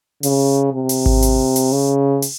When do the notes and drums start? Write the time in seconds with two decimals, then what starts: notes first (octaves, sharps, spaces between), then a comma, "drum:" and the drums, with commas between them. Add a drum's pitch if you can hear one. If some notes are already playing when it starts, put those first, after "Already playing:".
0.23 C#3, drum: open hi-hat
0.72 C3
0.89 drum: open hi-hat
1.06 drum: kick G#1
1.22 drum: open hi-hat
1.56 drum: open hi-hat
1.72 C#3
2.22 drum: open hi-hat